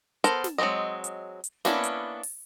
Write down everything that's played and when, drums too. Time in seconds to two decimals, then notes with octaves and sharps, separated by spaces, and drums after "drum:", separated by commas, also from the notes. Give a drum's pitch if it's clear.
0.24 B3 A4 A#4 C5, drum: hi-hat
0.44 drum: snare
0.58 F#3 G#3 A#3 C4 D#5
1.04 drum: hi-hat
1.44 drum: hi-hat
1.65 A#3 B3 C#4 D4 E4, drum: snare
1.83 drum: hi-hat
2.23 drum: open hi-hat